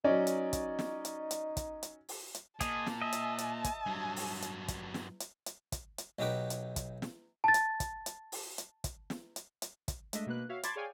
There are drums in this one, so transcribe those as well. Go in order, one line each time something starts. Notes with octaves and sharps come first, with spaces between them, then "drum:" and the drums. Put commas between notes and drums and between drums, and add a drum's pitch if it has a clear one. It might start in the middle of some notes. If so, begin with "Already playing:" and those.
F#3 C#4 D#4 D5 D#5
drum: hi-hat
drum: kick, hi-hat
drum: snare
drum: hi-hat
drum: hi-hat
drum: kick, hi-hat
drum: hi-hat
drum: open hi-hat
drum: hi-hat
A#2 G#4 D#5 A5, drum: kick, hi-hat
drum: snare
D#5 E5
drum: hi-hat
drum: hi-hat
drum: kick, hi-hat
G2 F#3
drum: open hi-hat
drum: hi-hat
drum: kick, hi-hat
drum: snare
drum: hi-hat
drum: hi-hat
drum: kick, hi-hat
drum: hi-hat
B1 F#3 D#4 G4 B4 D6
drum: hi-hat
drum: kick, hi-hat
drum: snare
A5 A6
drum: hi-hat
drum: kick, hi-hat
drum: hi-hat
drum: open hi-hat
drum: hi-hat
drum: kick, hi-hat
drum: snare
drum: hi-hat
drum: hi-hat
drum: kick, hi-hat
G#3 A3 D4 D#5 E5, drum: hi-hat
B2 A#3 B4 F#6
F#4 C#5 E5 F5
A5 B5 C6 D6 G#6 A6, drum: hi-hat
G#4 C#5 D5 F5 G5 G#5